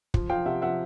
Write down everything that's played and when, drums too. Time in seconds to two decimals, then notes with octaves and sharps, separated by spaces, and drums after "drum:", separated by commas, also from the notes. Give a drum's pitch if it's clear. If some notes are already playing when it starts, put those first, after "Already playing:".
0.14 F3, drum: kick
0.30 F3 F5 G5
0.46 C3 E5 F#5
0.62 F3 E5 F#5